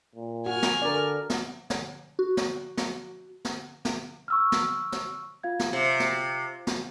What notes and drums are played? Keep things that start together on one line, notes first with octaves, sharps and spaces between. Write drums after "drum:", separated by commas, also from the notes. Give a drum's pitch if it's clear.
A#2
F#4 G#5 F6
drum: snare
D3 A#4 D5
drum: snare
drum: snare
F#4
drum: snare
drum: snare
drum: snare
drum: snare
C#6 E6 F6
drum: snare
drum: snare
F4 F5 G#6
drum: snare
C3
drum: snare
drum: snare